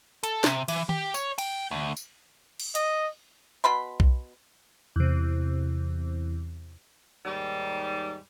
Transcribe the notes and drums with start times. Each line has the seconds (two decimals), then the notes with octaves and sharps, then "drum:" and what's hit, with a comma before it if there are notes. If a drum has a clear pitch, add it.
0.23 A4, drum: hi-hat
0.44 C3, drum: snare
0.68 E3, drum: cymbal
0.89 G4, drum: tom D#3
1.14 C#5, drum: tambourine
1.38 G5, drum: cymbal
1.71 D2
1.97 drum: tambourine
2.60 drum: cymbal
2.75 D#5, drum: hi-hat
3.64 B2 B5 C6
4.00 drum: kick B1
4.96 E2 C3
7.25 D#2 G#2 G3